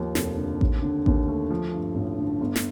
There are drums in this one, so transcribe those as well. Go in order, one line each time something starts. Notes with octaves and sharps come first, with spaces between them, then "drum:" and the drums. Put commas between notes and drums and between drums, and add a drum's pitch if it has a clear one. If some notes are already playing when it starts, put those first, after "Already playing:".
Already playing: D#2 D#3 F3
F1, drum: snare
D3
D#2, drum: kick A1
D3
D#2, drum: kick A1
A3
F3
G2
A1
D3
G1
drum: snare